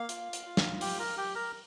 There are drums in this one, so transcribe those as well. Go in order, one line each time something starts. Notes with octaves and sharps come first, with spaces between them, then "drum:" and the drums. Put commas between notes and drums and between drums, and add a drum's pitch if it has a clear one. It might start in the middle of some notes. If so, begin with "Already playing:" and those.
Already playing: A#3 F5
F4, drum: hi-hat
drum: hi-hat
F4
drum: snare
G4 G5, drum: open hi-hat
A#4 A#5
G4 G5
A#4 A#5